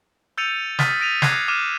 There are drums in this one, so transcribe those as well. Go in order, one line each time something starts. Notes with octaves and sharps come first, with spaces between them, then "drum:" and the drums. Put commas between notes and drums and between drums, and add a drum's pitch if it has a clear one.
E6 G6 A6 C#7 D#7 F7
D#6 F6 A6 B6 D#7, drum: snare
D#6 A#6 D7 D#7 F7
D6 F#6 G#6 A#6 C7 D7, drum: snare
D6 F6 D#7 E7